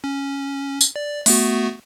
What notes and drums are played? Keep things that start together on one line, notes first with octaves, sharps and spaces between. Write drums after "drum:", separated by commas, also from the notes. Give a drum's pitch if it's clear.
C#4
drum: tambourine
D5
A3 B3 F#4, drum: open hi-hat